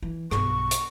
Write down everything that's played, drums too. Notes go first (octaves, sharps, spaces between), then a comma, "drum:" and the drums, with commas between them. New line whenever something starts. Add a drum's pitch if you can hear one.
E3
B1 G2 C#6, drum: rim click
drum: hi-hat